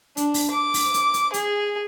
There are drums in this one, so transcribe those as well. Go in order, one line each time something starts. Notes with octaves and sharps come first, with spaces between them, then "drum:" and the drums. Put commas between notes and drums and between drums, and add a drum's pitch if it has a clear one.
D4, drum: hi-hat
drum: open hi-hat
D6
drum: open hi-hat
drum: hi-hat
drum: hi-hat
G#4, drum: hi-hat